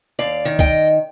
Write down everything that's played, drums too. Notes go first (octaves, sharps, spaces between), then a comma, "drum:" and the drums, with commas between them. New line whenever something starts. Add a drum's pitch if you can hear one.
D#2 D5 F5
D#3
D#5 G5, drum: kick C#2